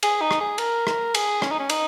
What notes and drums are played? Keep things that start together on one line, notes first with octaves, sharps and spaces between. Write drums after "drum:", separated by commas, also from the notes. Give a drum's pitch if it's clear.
G#4, drum: cymbal
D#4
drum: rim click
G#4
A#4, drum: cymbal
A#4, drum: rim click
G#4, drum: cymbal
C#4, drum: rim click
D#4
C#4
D#4, drum: cymbal